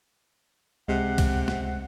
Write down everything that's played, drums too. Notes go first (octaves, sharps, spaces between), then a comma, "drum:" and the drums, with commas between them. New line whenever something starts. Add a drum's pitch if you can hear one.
C#2 C3 G#3 F#5
drum: kick C2, cymbal
drum: snare